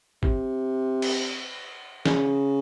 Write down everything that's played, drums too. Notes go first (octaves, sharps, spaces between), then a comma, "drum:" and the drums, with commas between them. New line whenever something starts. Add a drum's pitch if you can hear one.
C3, drum: kick G#1
drum: cymbal
C#3, drum: snare